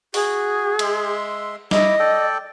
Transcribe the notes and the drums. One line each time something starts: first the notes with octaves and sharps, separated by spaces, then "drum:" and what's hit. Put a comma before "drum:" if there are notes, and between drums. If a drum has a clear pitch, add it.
F#4 G#4, drum: open hi-hat
G#3 E5 C6, drum: cymbal
E4 D#5 D6, drum: snare
A4 D5 G5